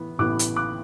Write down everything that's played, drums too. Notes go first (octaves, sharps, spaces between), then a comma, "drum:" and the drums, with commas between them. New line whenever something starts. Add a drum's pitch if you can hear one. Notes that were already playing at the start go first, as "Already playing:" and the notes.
Already playing: A2 E3 B3
A1 A2 E3 B3 D6 F#6
drum: hi-hat
D6 F#6